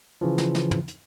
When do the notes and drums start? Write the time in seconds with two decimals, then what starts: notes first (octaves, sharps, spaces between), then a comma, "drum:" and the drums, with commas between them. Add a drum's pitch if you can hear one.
0.21 C#3 E3 F3
0.38 drum: snare
0.55 drum: snare
0.71 drum: tom
0.88 drum: hi-hat